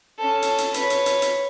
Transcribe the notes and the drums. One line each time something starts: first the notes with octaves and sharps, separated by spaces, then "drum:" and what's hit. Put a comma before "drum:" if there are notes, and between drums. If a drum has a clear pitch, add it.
C#4 A4
drum: hi-hat
drum: hi-hat
B4 C#5, drum: hi-hat
drum: hi-hat
drum: hi-hat
drum: hi-hat